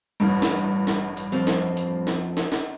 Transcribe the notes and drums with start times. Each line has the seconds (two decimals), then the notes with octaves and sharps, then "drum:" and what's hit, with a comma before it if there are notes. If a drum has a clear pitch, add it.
0.20 A1 G2
0.42 drum: snare
0.57 drum: hi-hat
0.87 drum: snare
1.17 drum: hi-hat
1.32 F2 F3 C4
1.47 drum: snare
1.77 drum: hi-hat
2.07 drum: snare
2.37 drum: snare
2.52 drum: snare